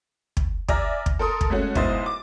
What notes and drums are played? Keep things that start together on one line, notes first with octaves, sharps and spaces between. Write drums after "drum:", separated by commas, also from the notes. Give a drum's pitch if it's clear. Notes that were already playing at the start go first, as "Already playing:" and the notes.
drum: kick
D5 E5 G#5 A#5 F6 A#6, drum: kick
drum: kick
A4 A#4 C6 D#6
drum: kick
G#3 A3 C#4 F#4
B1 G#2 E4 C5 D#5 A6, drum: kick
D6